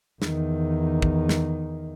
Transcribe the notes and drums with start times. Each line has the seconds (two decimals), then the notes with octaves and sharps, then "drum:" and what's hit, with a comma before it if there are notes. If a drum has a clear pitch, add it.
0.22 E2 D#3, drum: snare
1.02 drum: kick
1.29 drum: snare